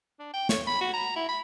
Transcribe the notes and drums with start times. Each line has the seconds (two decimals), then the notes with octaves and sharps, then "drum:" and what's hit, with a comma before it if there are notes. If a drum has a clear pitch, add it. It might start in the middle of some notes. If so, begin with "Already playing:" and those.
0.19 D4
0.33 G5
0.49 C#5, drum: snare
0.67 B5
0.81 F#4
0.94 A#5
1.16 E4
1.29 B5